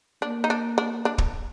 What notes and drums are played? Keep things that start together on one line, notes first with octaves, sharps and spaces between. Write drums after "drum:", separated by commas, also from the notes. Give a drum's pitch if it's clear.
A#3 D4
D#4
D4
D4
D4
drum: kick